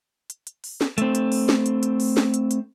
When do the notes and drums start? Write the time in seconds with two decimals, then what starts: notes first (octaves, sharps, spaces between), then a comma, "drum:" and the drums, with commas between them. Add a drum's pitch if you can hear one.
0.30 drum: hi-hat
0.47 drum: hi-hat
0.64 drum: open hi-hat
0.81 drum: snare
0.98 A3 C4, drum: hi-hat
1.15 drum: hi-hat
1.32 drum: open hi-hat
1.49 drum: snare
1.66 drum: hi-hat
1.83 drum: hi-hat
2.00 drum: open hi-hat
2.17 drum: snare
2.34 drum: hi-hat
2.51 drum: hi-hat